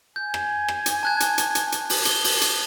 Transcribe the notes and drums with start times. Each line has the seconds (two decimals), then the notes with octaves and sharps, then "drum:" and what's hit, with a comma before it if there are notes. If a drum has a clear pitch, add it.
0.16 G#5 G6
0.34 drum: rim click
0.68 drum: rim click
0.86 drum: hi-hat
1.03 A5 F#6 G#6
1.20 drum: hi-hat
1.38 drum: hi-hat
1.55 drum: hi-hat
1.72 drum: hi-hat
1.90 drum: open hi-hat
2.05 G7, drum: hi-hat
2.24 drum: open hi-hat
2.41 drum: hi-hat